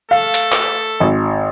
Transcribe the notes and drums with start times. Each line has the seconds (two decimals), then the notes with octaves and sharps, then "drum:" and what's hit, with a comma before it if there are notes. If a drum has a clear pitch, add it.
0.11 A3 A4 F5
0.34 drum: hi-hat
0.52 drum: clap
1.00 G#1